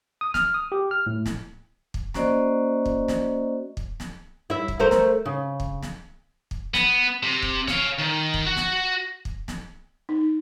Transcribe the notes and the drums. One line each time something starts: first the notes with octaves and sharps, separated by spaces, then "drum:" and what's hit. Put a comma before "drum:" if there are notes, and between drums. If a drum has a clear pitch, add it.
D#6
F6, drum: snare
D#6
G4
F6
A2
drum: snare
drum: kick
A#3 C#4 F#4 C5 D5 D#5, drum: snare
drum: kick
drum: snare
drum: kick
drum: snare
E4 E5
drum: kick
A3 A#4 C5
drum: snare
C#3
drum: kick
drum: snare
drum: kick
B3, drum: snare
C3
drum: kick
C#5 F5, drum: snare
D#3
drum: kick
F#4
drum: snare
drum: kick
drum: snare
D#4